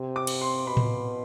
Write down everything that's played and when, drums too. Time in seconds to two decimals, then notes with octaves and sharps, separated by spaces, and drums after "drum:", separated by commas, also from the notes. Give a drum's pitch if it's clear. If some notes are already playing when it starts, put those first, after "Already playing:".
Already playing: C3
0.16 D6
0.27 drum: cymbal
0.41 C6
0.67 B2 B5
0.77 drum: tom A2